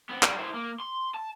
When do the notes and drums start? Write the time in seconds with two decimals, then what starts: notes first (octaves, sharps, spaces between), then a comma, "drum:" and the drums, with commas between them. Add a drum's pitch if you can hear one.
0.10 B3 C4
0.23 G3, drum: clap
0.39 E4 C5
0.54 A#3
0.80 C6
1.14 A5